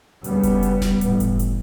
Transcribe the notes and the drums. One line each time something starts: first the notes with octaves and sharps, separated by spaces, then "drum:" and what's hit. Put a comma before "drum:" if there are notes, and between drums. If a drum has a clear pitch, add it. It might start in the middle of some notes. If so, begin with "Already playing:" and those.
D2 C#3 G3 B3, drum: hi-hat
drum: kick F#1, hi-hat
drum: hi-hat
drum: snare D#1
A1 A2, drum: hi-hat
drum: kick F#1, hi-hat
drum: hi-hat